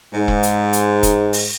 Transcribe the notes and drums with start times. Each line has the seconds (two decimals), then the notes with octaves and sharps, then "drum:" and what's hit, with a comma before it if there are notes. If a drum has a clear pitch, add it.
0.13 G#2
0.28 drum: kick E1
0.43 drum: hi-hat
0.73 drum: hi-hat
1.03 drum: kick E1, hi-hat
1.33 drum: open hi-hat